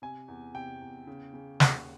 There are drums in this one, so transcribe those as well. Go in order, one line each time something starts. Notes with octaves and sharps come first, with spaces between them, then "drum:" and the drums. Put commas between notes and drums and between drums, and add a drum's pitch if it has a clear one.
C3 G#5
E2
C3 G5
E2
C#3
C#3
D#2 F#5, drum: snare